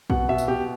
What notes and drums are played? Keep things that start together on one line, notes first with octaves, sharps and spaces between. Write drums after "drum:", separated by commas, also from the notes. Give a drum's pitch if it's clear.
B2 F#5, drum: kick A#1
B2 E5
drum: tambourine
B2 G4